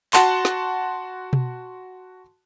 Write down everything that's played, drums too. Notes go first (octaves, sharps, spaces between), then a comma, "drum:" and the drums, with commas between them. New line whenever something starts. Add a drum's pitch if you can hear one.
F#4 F#5 A5 C6, drum: clap
drum: snare
drum: tom B2